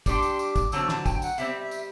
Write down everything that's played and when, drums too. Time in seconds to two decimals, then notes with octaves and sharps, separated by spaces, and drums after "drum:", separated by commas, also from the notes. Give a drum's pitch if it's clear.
0.06 G3 D4 G4 C6 D6, drum: kick, tambourine
0.23 drum: tambourine
0.39 D6, drum: tambourine
0.56 drum: kick, tambourine
0.72 D3 F#3 A3 C4 E6, drum: tambourine
0.89 A5, drum: snare
1.06 G5, drum: kick, tambourine
1.22 F#5, drum: tambourine
1.38 C3 G3 C4 E5, drum: tambourine
1.60 E5
1.71 drum: tambourine